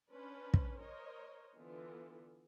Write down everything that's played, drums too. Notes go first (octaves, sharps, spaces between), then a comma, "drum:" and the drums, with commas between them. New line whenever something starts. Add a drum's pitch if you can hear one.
C#4 D4 B4 C5
drum: kick
A#4 C5 C#5 D#5
D3 E3 B3 F4 A4